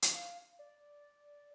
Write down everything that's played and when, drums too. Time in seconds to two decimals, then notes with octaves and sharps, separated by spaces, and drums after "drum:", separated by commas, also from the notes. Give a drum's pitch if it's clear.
0.02 drum: hi-hat
0.14 F5
0.59 D5